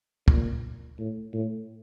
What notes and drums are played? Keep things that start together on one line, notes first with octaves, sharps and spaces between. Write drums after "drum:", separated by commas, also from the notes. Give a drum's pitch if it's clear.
A#2, drum: kick
A2
A2